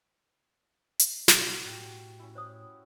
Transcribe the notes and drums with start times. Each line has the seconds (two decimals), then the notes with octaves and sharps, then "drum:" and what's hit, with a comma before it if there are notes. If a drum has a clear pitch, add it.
0.99 drum: hi-hat
1.28 B2 F#3, drum: snare
1.66 A2 F#4 G4 E5
2.19 C#4 E4
2.35 C5 C#5 D#6